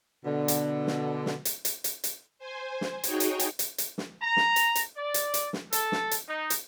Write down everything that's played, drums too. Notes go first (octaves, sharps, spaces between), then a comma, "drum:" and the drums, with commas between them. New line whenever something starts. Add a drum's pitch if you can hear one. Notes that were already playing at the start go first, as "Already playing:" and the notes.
B2 D3
drum: hi-hat
drum: snare
drum: snare
drum: hi-hat
drum: hi-hat
drum: hi-hat
drum: hi-hat
C5 G#5
drum: snare
D#4 F#4 G#4 C#5 G5, drum: hi-hat
drum: hi-hat
drum: hi-hat
drum: hi-hat
drum: hi-hat
drum: snare
A#5
drum: snare
drum: hi-hat
drum: hi-hat
D5
drum: hi-hat
drum: hi-hat
drum: snare
A4, drum: hi-hat
drum: snare
drum: hi-hat
D#4
drum: hi-hat